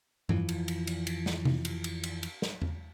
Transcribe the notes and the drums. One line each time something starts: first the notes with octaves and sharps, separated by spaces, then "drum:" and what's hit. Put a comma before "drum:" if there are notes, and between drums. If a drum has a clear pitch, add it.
F2 E3 F3, drum: tom G2
drum: cymbal
drum: cymbal
drum: cymbal
drum: cymbal
drum: snare
drum: tom C3
drum: cymbal
drum: cymbal
drum: cymbal
drum: cymbal
drum: snare
drum: tom E2